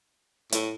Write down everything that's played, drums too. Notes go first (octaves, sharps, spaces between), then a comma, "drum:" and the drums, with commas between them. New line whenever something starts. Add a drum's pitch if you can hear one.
A2, drum: hi-hat